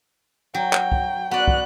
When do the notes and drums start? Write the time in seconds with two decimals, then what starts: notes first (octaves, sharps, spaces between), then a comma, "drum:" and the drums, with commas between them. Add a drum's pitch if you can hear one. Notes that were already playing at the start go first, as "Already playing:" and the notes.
0.54 F#3 G5
0.73 drum: clap
0.92 drum: kick
1.31 B3 F#4 D5 F#6
1.48 drum: kick